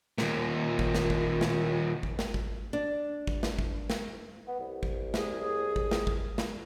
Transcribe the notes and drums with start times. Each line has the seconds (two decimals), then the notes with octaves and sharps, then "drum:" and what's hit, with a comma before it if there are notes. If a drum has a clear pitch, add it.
0.18 D#2 A#2, drum: snare
0.79 drum: kick
0.95 drum: snare
1.10 drum: kick
1.41 drum: snare
2.03 drum: kick
2.19 drum: snare
2.34 drum: kick
2.73 D4
3.27 drum: kick
3.43 drum: snare
3.59 drum: kick
3.90 drum: snare
4.48 B3
4.60 C2
4.83 drum: kick
5.14 G#4, drum: snare
5.76 drum: kick
5.91 drum: snare
6.07 drum: kick
6.38 drum: snare